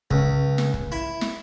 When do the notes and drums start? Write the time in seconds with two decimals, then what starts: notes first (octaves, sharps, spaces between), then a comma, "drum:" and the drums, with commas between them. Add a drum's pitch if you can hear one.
0.11 C#2, drum: kick
0.58 drum: snare
0.74 drum: kick
0.92 E4
1.21 drum: snare